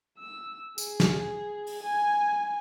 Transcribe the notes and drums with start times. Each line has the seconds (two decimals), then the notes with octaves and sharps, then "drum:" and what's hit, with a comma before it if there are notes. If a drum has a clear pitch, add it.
0.19 E6
0.78 G#4, drum: tambourine
1.00 drum: snare
1.67 drum: open hi-hat
1.83 G#5